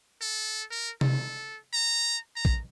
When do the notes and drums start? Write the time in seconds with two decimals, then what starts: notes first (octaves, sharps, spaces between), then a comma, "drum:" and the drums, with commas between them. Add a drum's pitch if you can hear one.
0.21 A4
0.71 A#4
1.01 A4, drum: tom C3
1.73 A#5
2.36 A#5
2.45 drum: kick